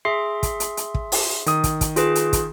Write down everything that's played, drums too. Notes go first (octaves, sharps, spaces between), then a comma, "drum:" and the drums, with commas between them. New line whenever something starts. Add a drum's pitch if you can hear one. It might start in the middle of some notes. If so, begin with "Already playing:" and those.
G#4 E5 C6 C7
drum: kick, hi-hat
drum: hi-hat
drum: hi-hat
drum: kick
drum: open hi-hat
D#3 D#6, drum: hi-hat
drum: kick, hi-hat
drum: kick, hi-hat
F4 G#4 B4, drum: hi-hat
drum: hi-hat
drum: kick, hi-hat